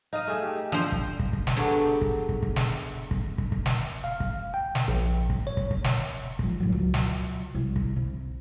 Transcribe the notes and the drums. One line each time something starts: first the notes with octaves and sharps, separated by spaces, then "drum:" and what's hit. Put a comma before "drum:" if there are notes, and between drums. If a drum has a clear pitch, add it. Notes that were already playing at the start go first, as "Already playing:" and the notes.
D#4 D#5 F5
A3 G#4
G4
F3 D4 C5
drum: kick
drum: kick
drum: kick
drum: snare
F#3 A3 B3 D4 G4 G#4
drum: kick
drum: kick
drum: kick
drum: snare
drum: kick
drum: kick
drum: kick
drum: snare
F5
drum: kick
G5
drum: snare
A#1
drum: kick
C#5
drum: kick
drum: kick
drum: snare
G#2 F3, drum: kick
A2 F#3
C#2 F#3
drum: snare
C2
drum: kick
C3